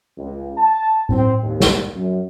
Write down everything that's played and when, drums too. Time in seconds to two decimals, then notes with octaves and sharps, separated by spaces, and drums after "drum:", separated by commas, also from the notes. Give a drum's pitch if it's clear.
0.17 C#2
0.57 A5
1.09 C4, drum: tom A2
1.43 D#2
1.60 drum: snare
1.95 F#2